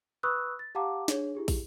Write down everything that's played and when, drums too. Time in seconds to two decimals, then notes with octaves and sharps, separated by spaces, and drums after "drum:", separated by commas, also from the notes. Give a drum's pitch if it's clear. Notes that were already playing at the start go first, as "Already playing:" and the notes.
0.23 B4 B5 C#6 D#6 E6 F#6
0.59 A6
0.75 G4 F5 F#5 A5 A#5 D6
1.08 D4 G#4 C#5, drum: snare
1.35 E4 G4 G#4
1.48 drum: kick, open hi-hat